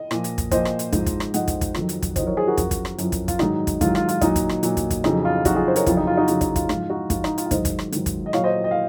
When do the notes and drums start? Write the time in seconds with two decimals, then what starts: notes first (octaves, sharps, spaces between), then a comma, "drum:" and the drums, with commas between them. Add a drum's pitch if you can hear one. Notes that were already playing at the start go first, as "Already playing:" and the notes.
Already playing: D#5
0.11 A#2 F3, drum: rim click
0.24 drum: hi-hat
0.38 drum: kick, hi-hat
0.51 A#2 F3 C5 D#5, drum: kick, hi-hat
0.65 drum: rim click
0.79 drum: hi-hat
0.93 G#2 F3, drum: kick, hi-hat
1.06 drum: kick, hi-hat
1.20 drum: rim click
1.34 G#2 F3 D#5 F#5, drum: hi-hat
1.48 drum: kick, hi-hat
1.61 drum: kick, hi-hat
1.75 F2 D#3 F#3, drum: rim click
1.89 drum: hi-hat
2.02 drum: kick, hi-hat
2.16 F2 D#3 F#3 C5 D#5, drum: kick, hi-hat
2.26 A#4 C#5
2.37 G#4 C5
2.47 F#4 A#4
2.58 F#2 F3, drum: kick, hi-hat
2.71 drum: kick, hi-hat
2.85 drum: rim click
2.98 F#2 F3, drum: hi-hat
3.12 drum: kick, hi-hat
3.28 F4, drum: kick, hi-hat
3.39 G#2 D#3 F#3 D#4, drum: rim click
3.67 drum: kick, hi-hat
3.81 G#2 D#3 F#3 F4, drum: kick, hi-hat
3.95 F4, drum: rim click
4.09 F4, drum: hi-hat
4.21 A#2 F#3 D#4, drum: kick, hi-hat
4.36 drum: kick, hi-hat
4.49 drum: rim click
4.63 A#2 F#3, drum: hi-hat
4.77 drum: kick, hi-hat
4.91 drum: kick, hi-hat
5.04 F2 C#3 F#3 D#4, drum: rim click
5.25 F4
5.45 F2 C#3 F#3 D#4 F#4, drum: kick, hi-hat
5.55 F4 G#4
5.68 C5
5.76 A#4 C#5, drum: hi-hat
5.86 F2 C#3 F#3 F4, drum: kick, hi-hat
5.97 D#4
6.07 F4
6.17 D#4 F#4
6.28 F2 C#3 F#3 F4, drum: hi-hat
6.41 D#4, drum: kick, hi-hat
6.56 F4, drum: kick, hi-hat
6.69 G#2 F3 F4, drum: rim click
6.90 D#4 F#4
7.10 G#2 F3 F4, drum: kick, hi-hat
7.24 D#4, drum: rim click
7.38 F4, drum: hi-hat
7.46 F5
7.51 G#2 D#3 F#3 C5 D#5, drum: kick, hi-hat
7.65 drum: kick, hi-hat
7.79 drum: rim click
7.92 G#2 D#3 F#3, drum: hi-hat
8.06 drum: kick, hi-hat
8.26 D#5
8.33 A#2 F#3 C#5 F5, drum: rim click
8.44 C5 D#5
8.64 D#5
8.71 F5